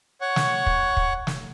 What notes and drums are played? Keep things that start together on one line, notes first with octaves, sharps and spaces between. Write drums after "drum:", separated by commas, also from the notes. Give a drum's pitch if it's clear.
C#5 F#5 C#6
drum: snare
drum: kick
drum: kick
drum: snare